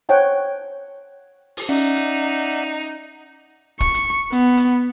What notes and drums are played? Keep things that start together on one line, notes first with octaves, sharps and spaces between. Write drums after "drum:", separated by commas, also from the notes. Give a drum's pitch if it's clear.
C5 C#5 F#5 G5 A5
drum: open hi-hat
C#4 D#4 D5 E5 F#5
drum: hi-hat
C#6, drum: kick
drum: hi-hat
B3, drum: hi-hat
drum: hi-hat